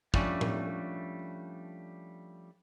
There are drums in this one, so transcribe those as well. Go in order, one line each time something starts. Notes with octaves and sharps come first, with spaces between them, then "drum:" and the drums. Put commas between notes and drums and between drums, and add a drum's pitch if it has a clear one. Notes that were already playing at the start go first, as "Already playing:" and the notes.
F3 G3 A3 C#4 D4, drum: kick
drum: tom A2